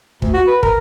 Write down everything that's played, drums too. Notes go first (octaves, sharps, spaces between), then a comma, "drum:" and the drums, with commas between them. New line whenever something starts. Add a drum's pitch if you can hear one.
D2, drum: kick
F#4
B4
A#4, drum: kick